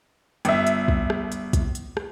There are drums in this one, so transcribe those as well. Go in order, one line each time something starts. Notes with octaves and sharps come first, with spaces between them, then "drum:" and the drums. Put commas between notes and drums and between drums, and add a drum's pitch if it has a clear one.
G1 E5, drum: hi-hat
drum: hi-hat
drum: kick
drum: rim click
drum: hi-hat
drum: kick, hi-hat
drum: hi-hat
drum: rim click